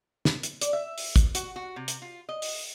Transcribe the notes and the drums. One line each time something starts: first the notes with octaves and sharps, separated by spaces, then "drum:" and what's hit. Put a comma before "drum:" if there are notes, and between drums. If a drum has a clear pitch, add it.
drum: snare
drum: hi-hat
D5, drum: hi-hat
E5
drum: open hi-hat
drum: kick, hi-hat
F#4, drum: hi-hat
F#4
C3
drum: hi-hat
F4
D#5
drum: open hi-hat